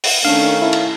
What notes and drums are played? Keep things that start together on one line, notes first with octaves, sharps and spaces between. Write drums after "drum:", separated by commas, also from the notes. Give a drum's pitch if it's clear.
drum: open hi-hat
D#3 A3 C#4 D4 F5
E4 A5
drum: cymbal